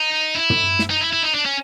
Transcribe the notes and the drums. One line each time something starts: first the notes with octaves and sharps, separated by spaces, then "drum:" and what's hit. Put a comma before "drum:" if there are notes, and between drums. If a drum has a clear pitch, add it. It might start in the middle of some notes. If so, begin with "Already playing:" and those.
Already playing: D#4
E4
drum: tom
drum: snare
D#4
E4
E4
D#4
D4
C#4